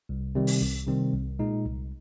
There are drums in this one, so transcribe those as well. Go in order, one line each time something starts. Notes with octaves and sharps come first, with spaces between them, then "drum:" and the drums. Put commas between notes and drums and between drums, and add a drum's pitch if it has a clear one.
C2
C3 D#3 G3 C4
drum: open hi-hat
C2
C3 D#3 G3 C4
C2
A#2 G#3 D#4
C2